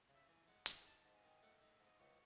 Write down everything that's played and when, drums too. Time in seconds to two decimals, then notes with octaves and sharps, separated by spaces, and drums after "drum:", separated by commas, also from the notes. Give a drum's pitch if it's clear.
0.09 C#3 E5
0.28 E3 G#5
0.48 G#3 F#5
0.66 E2 G#5, drum: hi-hat
0.85 D#4 A5
1.00 G#2 A5
1.14 G#5
1.24 D#3 G#5
1.37 G#5
1.42 A3 F#5
1.57 D#4 E5
1.71 E5
1.80 G#2
1.85 D#5
1.99 C#2 C#5